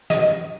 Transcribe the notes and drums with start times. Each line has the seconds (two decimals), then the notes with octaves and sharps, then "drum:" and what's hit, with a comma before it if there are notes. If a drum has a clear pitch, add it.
0.10 D#5, drum: snare